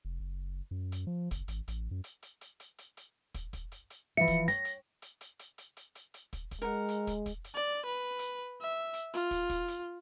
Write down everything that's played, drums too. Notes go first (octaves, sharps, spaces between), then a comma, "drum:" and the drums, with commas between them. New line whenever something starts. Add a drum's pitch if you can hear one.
F1
F#1
F#2
drum: hi-hat
F3
F#1, drum: kick, hi-hat
G#1, drum: hi-hat
A1, drum: hi-hat
F#2
drum: hi-hat
drum: hi-hat
drum: hi-hat
drum: hi-hat
drum: hi-hat
drum: hi-hat
drum: kick, hi-hat
drum: kick, hi-hat
drum: hi-hat
drum: hi-hat
E3 F3 E5 C#7
drum: kick, hi-hat
C#5 G5 A#6, drum: hi-hat
drum: hi-hat
drum: hi-hat
drum: hi-hat
drum: hi-hat
drum: hi-hat
drum: hi-hat
drum: hi-hat
drum: hi-hat
drum: kick, hi-hat
drum: kick, hi-hat
G#3 A#4 F#5
drum: hi-hat
drum: kick, hi-hat
drum: kick, hi-hat
drum: hi-hat
D5
B4
drum: hi-hat
E5
drum: hi-hat
F4, drum: hi-hat
drum: kick, hi-hat
drum: kick, hi-hat
drum: hi-hat